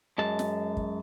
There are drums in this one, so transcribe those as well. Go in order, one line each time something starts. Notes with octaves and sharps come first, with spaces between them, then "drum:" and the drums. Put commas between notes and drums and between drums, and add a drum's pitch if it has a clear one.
F#2 G#3 A5
drum: snare
drum: kick